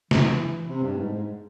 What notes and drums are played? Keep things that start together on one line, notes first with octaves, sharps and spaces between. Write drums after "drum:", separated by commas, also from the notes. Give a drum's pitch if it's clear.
E3, drum: snare
E3
C3
G2
G#2
G#2